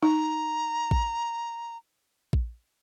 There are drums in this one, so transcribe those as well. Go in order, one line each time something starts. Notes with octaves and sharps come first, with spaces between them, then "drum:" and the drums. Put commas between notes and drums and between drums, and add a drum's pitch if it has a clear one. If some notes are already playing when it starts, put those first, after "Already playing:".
D#4 A#5
drum: kick A#1
drum: kick A#1